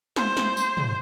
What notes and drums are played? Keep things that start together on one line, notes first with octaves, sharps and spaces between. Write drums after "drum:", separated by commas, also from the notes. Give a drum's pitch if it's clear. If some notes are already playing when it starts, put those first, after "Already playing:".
C5, drum: snare
drum: snare
drum: tambourine
drum: tom